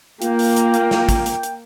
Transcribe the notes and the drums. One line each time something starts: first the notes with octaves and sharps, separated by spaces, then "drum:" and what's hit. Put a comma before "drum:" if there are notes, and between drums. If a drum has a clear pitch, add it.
A#3 F4 G5, drum: hi-hat
drum: open hi-hat
drum: hi-hat
drum: hi-hat
drum: snare
drum: kick, hi-hat
drum: hi-hat
drum: hi-hat